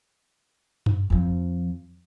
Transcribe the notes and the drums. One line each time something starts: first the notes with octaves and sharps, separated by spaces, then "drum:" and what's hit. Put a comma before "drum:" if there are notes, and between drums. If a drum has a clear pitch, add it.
drum: tom F#2
F2 F3